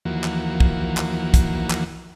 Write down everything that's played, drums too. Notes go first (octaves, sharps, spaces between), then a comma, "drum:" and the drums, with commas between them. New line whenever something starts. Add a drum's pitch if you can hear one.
D#2 E3 F3 A#3 F#4
drum: clap
drum: kick
drum: clap
drum: kick, hi-hat
drum: clap